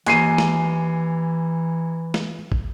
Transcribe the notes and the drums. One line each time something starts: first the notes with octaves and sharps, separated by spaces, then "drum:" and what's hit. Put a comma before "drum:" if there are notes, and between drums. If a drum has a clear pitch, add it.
D#2 E3 G#5 C7 D#7, drum: hi-hat
drum: snare
drum: snare
drum: kick